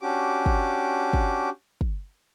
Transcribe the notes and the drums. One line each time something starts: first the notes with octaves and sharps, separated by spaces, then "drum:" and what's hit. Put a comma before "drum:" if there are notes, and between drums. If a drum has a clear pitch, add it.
C#4 D4 F#4 G4 D6
drum: kick
drum: kick
drum: kick